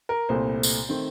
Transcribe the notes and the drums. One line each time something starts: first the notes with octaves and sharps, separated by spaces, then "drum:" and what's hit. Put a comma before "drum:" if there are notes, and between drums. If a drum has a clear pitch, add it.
A#4
C2 A#2 A3 C5
drum: tambourine
D#3 A3 C4